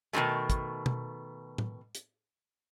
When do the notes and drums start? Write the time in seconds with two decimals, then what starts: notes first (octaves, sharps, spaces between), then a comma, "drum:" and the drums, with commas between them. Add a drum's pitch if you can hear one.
0.13 B2 D#3 E3 G#3 A3
0.50 drum: kick, hi-hat
0.86 drum: tom B2
1.58 drum: tom A2
1.95 drum: hi-hat